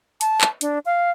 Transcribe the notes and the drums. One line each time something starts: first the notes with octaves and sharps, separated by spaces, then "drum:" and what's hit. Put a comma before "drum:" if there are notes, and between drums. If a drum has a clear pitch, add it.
A5, drum: hi-hat
drum: clap
D4, drum: hi-hat
F5